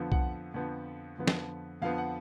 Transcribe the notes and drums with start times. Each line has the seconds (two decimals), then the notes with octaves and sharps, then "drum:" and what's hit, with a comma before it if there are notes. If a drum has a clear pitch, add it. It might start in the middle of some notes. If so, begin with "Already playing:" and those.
Already playing: F2 D3 F3 B3
0.12 F#5, drum: kick B1
0.54 F2 D3 F3 B3
1.18 F2 D3 F3 B3
1.27 drum: snare
1.82 F2 D3 F3 B3 F5
1.98 F#5